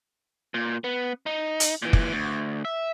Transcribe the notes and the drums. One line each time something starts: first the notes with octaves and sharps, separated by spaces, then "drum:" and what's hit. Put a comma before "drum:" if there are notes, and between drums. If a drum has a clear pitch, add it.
A#2
B3
D#4
drum: hi-hat
A#2 E3
drum: kick
D2
E5